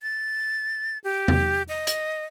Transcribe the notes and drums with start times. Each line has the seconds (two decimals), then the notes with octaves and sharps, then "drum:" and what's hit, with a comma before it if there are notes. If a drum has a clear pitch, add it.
0.03 A6
1.04 G4
1.28 drum: tom E2
1.69 D#5
1.87 drum: hi-hat